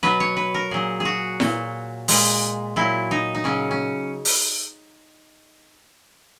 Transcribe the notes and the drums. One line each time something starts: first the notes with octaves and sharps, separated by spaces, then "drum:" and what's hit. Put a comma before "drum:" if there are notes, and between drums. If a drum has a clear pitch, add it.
B2 F#3 B4
C#5
B4
A#4
A#2 F#3 G#4
G#4
F#4
A#2 F#3, drum: snare E4
A#2 G#3, drum: open hi-hat
A#2 F#3 E4
D#4
D#4
C#3 F#3 C#4
C#4
drum: open hi-hat